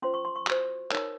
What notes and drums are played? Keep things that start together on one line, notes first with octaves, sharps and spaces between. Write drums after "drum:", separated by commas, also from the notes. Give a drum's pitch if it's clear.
C#4 F4 C5 C6
C#6
C6
C#6
F#4 C5, drum: clap
D#4 A#4 C#5, drum: clap